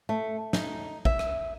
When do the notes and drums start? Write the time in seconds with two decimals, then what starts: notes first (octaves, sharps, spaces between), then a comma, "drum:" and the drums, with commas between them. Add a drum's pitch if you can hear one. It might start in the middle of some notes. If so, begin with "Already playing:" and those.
0.09 A3
0.53 D#4, drum: snare
1.05 E5, drum: kick A1
1.19 drum: rim click